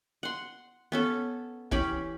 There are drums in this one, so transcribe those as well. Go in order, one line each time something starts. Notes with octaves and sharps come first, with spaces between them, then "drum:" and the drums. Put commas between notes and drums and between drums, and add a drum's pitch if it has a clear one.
F#5 C6
B3 C#4 A4
E3 C#4 G4 B5, drum: kick